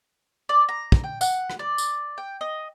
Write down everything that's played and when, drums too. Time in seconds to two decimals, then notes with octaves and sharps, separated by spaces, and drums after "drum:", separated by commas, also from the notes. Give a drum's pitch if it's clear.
0.49 D5
0.69 A#5
0.92 drum: kick
1.04 G5
1.21 F#5, drum: tambourine
1.50 drum: rim click
1.59 D5
1.78 drum: tambourine
2.18 G5
2.41 D#5